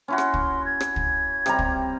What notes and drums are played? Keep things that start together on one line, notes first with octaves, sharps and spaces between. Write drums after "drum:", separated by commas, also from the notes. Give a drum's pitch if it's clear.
C#4 E4 F#4 C6
drum: rim click
drum: kick
G#6
drum: rim click
drum: kick
C3 G3 A#5, drum: rim click
drum: kick